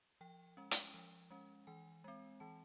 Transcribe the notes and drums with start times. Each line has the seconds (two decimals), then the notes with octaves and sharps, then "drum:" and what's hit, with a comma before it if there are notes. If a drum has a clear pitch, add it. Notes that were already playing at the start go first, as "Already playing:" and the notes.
0.21 F3 G5
0.57 G#3 C#4
0.71 drum: hi-hat
0.94 F3
1.30 G#3 C#4
1.67 E3 G#5
2.04 G#3 C4
2.40 E3 A5